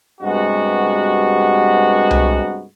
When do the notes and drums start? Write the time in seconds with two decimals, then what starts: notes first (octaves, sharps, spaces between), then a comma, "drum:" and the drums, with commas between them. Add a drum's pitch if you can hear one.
0.21 G2 C3 G#3 B3 F#4
2.11 drum: tom C2